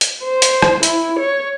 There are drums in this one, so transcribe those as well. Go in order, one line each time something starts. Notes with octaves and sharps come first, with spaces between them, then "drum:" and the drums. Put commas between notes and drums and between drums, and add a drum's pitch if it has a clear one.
drum: hi-hat
C5
drum: hi-hat
drum: rim click
E4, drum: hi-hat
C#5